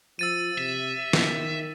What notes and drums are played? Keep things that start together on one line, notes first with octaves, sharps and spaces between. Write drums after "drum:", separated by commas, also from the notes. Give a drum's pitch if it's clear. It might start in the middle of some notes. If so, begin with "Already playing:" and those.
F3 E6 A6 D#7
C3 E5
D#3, drum: snare